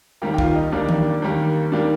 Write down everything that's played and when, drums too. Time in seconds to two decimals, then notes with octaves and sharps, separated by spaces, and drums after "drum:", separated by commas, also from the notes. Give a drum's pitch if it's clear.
0.22 D#2 D#3 G3 A#3 G4
0.34 G4
0.38 F4, drum: kick
0.55 D#4
0.72 D#2 D#3 G3 A#3 D4
0.89 drum: tom E3
1.22 D#2 D#3 G3 A#3
1.72 D#3 G3 A#3 D4